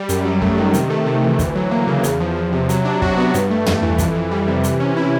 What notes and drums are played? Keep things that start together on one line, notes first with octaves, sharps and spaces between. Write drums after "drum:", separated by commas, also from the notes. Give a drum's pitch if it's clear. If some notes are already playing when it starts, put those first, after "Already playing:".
Already playing: G3
F#2, drum: hi-hat
F#3
A3, drum: kick
D#3
C3, drum: hi-hat
A3
C3
E3
D2, drum: kick, hi-hat
F#3
A#3
C#3
E2, drum: hi-hat
F3
E2
C3
F#3, drum: hi-hat
D4
F#4, drum: kick
B3
G2, drum: hi-hat
A3
G2, drum: tom
E3
F2, drum: kick, hi-hat
E3
G3
C3
E3, drum: hi-hat
C#4
E4